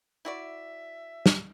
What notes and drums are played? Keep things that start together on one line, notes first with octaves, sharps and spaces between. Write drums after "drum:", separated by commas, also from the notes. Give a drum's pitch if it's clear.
E4 F#4 D5 E5
drum: snare